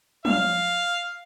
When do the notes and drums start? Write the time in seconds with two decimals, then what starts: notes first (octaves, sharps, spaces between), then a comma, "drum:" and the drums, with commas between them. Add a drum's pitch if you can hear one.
0.25 F5, drum: tom